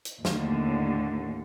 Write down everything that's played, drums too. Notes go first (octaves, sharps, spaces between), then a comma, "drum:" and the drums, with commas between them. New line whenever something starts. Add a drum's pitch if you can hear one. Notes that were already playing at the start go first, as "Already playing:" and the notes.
drum: hi-hat
D#2 A2 D3, drum: snare